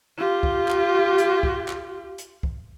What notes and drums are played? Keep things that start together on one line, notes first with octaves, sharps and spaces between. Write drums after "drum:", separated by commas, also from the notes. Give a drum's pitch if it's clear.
F4 G4
drum: kick
drum: clap
drum: hi-hat
drum: kick
drum: clap
drum: hi-hat
drum: kick